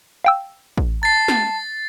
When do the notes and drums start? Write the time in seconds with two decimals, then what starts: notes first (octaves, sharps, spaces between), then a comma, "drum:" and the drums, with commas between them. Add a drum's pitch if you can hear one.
0.24 F5 G5 E6
0.77 drum: kick A1
1.03 A5 A6 C7
1.28 drum: snare